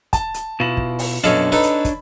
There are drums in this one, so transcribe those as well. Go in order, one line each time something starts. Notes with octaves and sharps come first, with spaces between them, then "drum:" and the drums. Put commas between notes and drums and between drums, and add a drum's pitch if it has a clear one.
A5, drum: kick, hi-hat
drum: hi-hat
B2 E4 F4 F#7
drum: kick
drum: open hi-hat
F#2 B2 D4 A4 C#5 D#5 F5
D#4 A4 B4 B5
drum: hi-hat
drum: kick, hi-hat